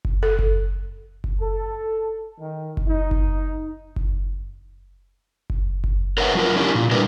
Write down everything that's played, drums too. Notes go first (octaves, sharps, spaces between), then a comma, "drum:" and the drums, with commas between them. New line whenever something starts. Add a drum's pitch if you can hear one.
drum: kick F#1
A4
drum: kick F#1
drum: kick F#1
A4
D#3
drum: kick F#1
D#4
drum: kick F#1
drum: kick F#1
drum: kick F#1
drum: kick F#1
A#4 B4 C#5 E5 F#5
F#3 F4 A#4
C#4 D4 E4 G4 A#4
A#2
D3 G3 D4 E4 A#4 B4